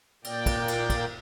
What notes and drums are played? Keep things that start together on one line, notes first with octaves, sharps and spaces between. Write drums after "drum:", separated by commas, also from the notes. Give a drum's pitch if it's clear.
A#2 A#3 D5 G5, drum: cymbal
drum: kick, cymbal
drum: cymbal
drum: kick, cymbal